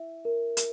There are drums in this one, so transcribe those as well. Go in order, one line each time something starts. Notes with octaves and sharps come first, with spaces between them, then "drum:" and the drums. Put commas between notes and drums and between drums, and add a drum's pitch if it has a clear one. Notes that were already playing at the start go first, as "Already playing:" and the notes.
Already playing: E4 E5
A#4
A#4, drum: hi-hat